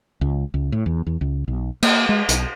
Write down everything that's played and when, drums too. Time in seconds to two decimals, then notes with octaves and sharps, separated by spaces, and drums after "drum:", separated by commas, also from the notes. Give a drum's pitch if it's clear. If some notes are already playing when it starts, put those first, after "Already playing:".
0.21 C#2
0.54 C#2
0.72 A2
0.86 E2
1.07 E2
1.21 C#2
1.48 B1
1.83 A#3, drum: cymbal
2.09 G#3
2.29 B1, drum: hi-hat